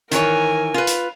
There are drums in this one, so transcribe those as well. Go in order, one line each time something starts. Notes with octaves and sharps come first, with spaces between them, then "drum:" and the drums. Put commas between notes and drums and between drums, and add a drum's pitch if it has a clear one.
D#3 E3 A#4 C#5 G#5, drum: hi-hat
F4 B4
drum: hi-hat